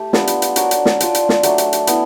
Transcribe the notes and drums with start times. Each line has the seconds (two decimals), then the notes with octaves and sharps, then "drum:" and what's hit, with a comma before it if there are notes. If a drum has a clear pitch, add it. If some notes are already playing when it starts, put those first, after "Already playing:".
Already playing: A3 G4
0.13 G3 B3 D4 F4, drum: snare
0.27 drum: hi-hat
0.42 drum: hi-hat
0.56 D4 F#4 A#4 C#5, drum: hi-hat
0.71 drum: hi-hat
0.86 drum: snare
1.00 D4 F4 A4 D5, drum: hi-hat
1.15 drum: hi-hat
1.29 drum: snare
1.43 F#3 A3 D4, drum: hi-hat
1.58 drum: hi-hat
1.73 drum: hi-hat
1.87 B3 E4, drum: hi-hat